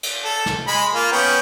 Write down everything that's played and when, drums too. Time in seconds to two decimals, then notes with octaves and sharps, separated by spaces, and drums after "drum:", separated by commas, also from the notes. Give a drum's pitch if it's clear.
0.03 drum: cymbal
0.25 A4
0.46 drum: snare
0.67 G#3 B5
0.94 A#3 F4
1.12 B3 C#4 G5